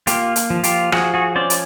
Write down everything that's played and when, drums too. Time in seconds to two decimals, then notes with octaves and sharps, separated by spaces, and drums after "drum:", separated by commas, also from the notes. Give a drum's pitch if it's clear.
0.07 A#3 F4 G4, drum: hi-hat
0.36 drum: hi-hat
0.50 F3
0.64 F4 G4, drum: hi-hat
0.92 F3 F#4 G#4, drum: rim click
1.14 F#4 G#4
1.36 C#4 C5 D5
1.50 drum: hi-hat